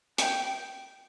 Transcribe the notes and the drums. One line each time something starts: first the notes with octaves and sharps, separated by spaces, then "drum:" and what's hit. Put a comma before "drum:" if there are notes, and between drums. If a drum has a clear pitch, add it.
G5, drum: hi-hat